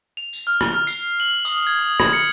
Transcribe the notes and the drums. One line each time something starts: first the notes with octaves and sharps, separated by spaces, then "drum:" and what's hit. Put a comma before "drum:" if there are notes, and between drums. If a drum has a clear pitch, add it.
F7
drum: tambourine
F6
drum: rim click
F6
C7, drum: tambourine
F#7
D#6, drum: tambourine
G#6
D#6
G#6, drum: rim click
C#7